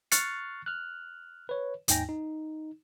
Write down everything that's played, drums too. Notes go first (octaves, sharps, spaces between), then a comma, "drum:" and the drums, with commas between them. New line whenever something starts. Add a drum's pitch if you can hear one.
C#6 F6 F#6 A6 C7 C#7, drum: hi-hat
F6 F#6
B4 C#5
D#2 G#2 D#4 G5 G#5 A#6, drum: hi-hat
D#4